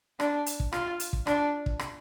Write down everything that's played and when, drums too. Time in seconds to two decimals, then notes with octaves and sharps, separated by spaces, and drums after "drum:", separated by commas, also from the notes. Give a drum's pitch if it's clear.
0.20 D4, drum: rim click
0.46 drum: hi-hat
0.60 drum: kick
0.72 F4, drum: rim click
1.00 drum: hi-hat
1.13 drum: kick
1.27 D4, drum: rim click
1.66 drum: kick
1.79 drum: rim click